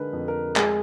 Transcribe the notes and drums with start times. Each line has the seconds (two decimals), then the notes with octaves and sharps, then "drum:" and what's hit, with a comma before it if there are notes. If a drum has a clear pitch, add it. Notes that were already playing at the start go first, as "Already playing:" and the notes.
Already playing: D3 G#3 D#4 G#4 A#4 B4
0.13 F2
0.28 A#4
0.56 G#3 G#4, drum: clap